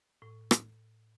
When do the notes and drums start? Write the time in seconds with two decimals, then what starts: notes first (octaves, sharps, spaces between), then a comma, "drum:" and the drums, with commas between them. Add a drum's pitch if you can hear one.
0.22 A2
0.51 drum: rim click